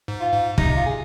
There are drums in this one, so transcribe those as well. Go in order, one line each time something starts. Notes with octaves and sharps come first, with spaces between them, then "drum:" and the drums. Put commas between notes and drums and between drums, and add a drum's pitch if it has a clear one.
G#2
F4
G#2
C3 D#4, drum: kick
F4
G#4